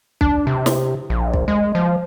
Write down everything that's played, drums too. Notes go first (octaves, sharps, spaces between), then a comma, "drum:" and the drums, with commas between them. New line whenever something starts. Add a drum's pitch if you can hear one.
D4, drum: kick
C3
drum: snare
A#1
drum: kick
G#3
F3